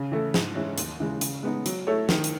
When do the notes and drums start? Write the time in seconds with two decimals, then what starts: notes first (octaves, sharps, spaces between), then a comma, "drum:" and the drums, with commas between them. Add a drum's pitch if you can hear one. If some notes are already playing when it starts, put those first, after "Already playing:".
Already playing: C#3
0.12 E3 A3 E4 A4
0.34 G#2, drum: snare
0.55 E3 G#3 C#4 E4
0.78 D#2, drum: hi-hat
1.00 C#3 E3 G#3
1.21 C#3, drum: hi-hat
1.43 G#3 B3 D#4
1.66 F#3, drum: hi-hat
1.87 A3 E4 A4 C#5
2.09 D#3, drum: snare
2.24 drum: hi-hat